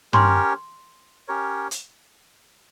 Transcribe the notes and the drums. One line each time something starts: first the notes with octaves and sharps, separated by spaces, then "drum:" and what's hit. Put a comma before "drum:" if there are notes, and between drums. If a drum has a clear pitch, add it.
C#4 G4 A#4 C#5 C6, drum: tom
C#4 G4 A#4 C#5
drum: hi-hat